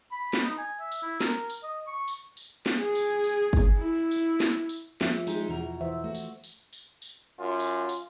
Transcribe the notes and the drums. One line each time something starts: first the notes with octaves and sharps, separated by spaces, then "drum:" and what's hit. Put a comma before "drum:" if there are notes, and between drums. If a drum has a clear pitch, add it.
B5
drum: snare
D#4
G#5
E5
drum: tambourine
E4
A#4, drum: snare
drum: tambourine
D#5
C#6
drum: tambourine
drum: tambourine
drum: snare
G#4
drum: tambourine
drum: tambourine
drum: kick
E4
drum: tambourine
drum: snare
drum: tambourine
F3 A3 G4 E5, drum: snare
G#3 D#4 G4, drum: tambourine
E2 B2 A#5
E3 C5 E5
A3 F#4
drum: tambourine
drum: tambourine
drum: tambourine
drum: tambourine
F#2 F4
drum: tambourine
drum: tambourine